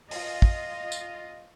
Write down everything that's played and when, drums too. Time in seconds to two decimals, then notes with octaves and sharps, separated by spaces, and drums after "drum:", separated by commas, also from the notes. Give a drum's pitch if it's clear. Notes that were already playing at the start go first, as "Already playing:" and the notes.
0.11 F4 D#5, drum: open hi-hat
0.42 drum: kick
0.92 drum: tambourine